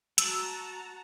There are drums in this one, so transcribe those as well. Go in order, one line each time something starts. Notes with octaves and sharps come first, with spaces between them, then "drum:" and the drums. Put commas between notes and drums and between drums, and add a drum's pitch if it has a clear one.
F#4 A5 A#5 E6, drum: hi-hat